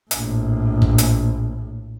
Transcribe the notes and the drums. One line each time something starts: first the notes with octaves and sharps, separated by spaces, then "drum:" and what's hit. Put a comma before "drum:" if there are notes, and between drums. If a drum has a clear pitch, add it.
A#1 A2, drum: hi-hat
drum: kick
drum: hi-hat